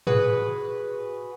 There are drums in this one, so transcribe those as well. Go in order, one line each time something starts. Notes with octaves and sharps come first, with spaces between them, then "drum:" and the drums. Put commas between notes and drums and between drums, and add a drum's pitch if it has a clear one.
F#4 G#4 B4, drum: tom G#2